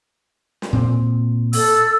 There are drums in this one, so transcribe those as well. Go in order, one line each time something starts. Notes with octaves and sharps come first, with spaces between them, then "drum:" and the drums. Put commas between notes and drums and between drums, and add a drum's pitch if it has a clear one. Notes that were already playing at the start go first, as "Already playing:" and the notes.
drum: snare
A#2 C4
A4 E6, drum: open hi-hat